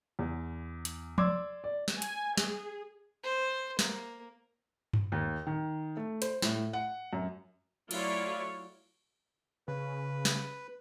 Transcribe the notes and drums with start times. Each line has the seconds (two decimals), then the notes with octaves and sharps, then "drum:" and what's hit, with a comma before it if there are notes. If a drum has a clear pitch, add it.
0.19 E2
0.85 drum: hi-hat
1.18 D5 C6 D6 E6 G#6, drum: tom F3
1.64 D5
1.88 drum: snare
2.02 G#5, drum: hi-hat
2.37 G#4, drum: snare
3.24 C5
3.79 A#3, drum: snare
4.93 drum: tom G2
5.12 D#2
5.47 D#3
5.97 A3
6.22 C5, drum: hi-hat
6.42 A2, drum: snare
6.73 F#5
7.13 F#2
7.91 F#3 A3 E4 F4 C#5 D5, drum: cymbal
9.68 C#3 B4
10.25 drum: snare